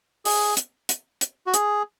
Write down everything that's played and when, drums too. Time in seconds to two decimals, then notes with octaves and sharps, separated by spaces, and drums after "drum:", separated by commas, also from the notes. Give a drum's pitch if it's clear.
0.25 G#4, drum: open hi-hat
0.57 drum: hi-hat
0.89 drum: hi-hat
1.21 drum: hi-hat
1.47 F#4
1.54 G#4, drum: hi-hat